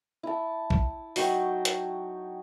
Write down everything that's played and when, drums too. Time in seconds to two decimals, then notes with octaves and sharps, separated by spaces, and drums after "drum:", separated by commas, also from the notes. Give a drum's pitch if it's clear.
0.23 E4 A5
0.70 drum: kick
1.16 F#3 D#4 G5 C#6, drum: open hi-hat
1.65 drum: hi-hat